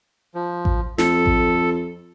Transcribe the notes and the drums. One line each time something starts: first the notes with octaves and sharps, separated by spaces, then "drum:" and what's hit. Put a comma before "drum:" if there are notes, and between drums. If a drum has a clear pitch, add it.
F3
drum: kick A1
F2 A4, drum: snare
drum: kick A1